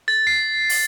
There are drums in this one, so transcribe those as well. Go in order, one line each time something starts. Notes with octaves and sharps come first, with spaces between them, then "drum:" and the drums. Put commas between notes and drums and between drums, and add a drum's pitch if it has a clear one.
A6
C7
drum: open hi-hat